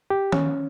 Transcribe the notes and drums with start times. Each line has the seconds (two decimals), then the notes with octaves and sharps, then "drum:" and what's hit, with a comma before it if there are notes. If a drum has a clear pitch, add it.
0.10 G4
0.32 C#4, drum: tom D#3